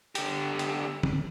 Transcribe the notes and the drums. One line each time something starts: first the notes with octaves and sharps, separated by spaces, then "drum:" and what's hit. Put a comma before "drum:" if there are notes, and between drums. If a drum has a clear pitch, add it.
D3 G4, drum: hi-hat
drum: hi-hat
drum: tom